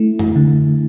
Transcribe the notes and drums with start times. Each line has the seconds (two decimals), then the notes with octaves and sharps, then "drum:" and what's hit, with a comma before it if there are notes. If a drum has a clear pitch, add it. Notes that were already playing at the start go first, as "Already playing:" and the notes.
Already playing: A3 E4
0.19 drum: tom
0.36 D3